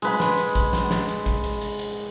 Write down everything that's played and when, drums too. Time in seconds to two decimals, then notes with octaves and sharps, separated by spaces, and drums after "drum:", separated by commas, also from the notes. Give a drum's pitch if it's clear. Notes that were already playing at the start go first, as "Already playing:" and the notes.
0.02 G#3 B4 B5, drum: hi-hat
0.20 drum: snare
0.38 drum: hi-hat
0.55 drum: kick A1, hi-hat
0.73 drum: snare
0.91 drum: snare
1.08 drum: hi-hat
1.26 drum: kick A1, hi-hat
1.44 drum: hi-hat
1.62 drum: hi-hat
1.79 drum: hi-hat